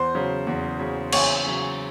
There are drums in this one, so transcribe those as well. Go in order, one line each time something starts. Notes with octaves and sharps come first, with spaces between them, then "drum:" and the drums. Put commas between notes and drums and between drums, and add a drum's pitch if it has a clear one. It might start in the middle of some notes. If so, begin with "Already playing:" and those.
Already playing: E2 C5 C6
C#3 F#3
E2
C#3 F#3
E2 C#5 C#6, drum: cymbal
C#3 F#3